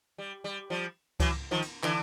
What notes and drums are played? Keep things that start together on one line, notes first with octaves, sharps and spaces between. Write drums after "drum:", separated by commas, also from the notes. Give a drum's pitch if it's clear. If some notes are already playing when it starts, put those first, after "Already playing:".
G3
G3
F3 G3
E3 F#3, drum: kick C#2, cymbal
D#3 F3
drum: cymbal
D3 E3, drum: clap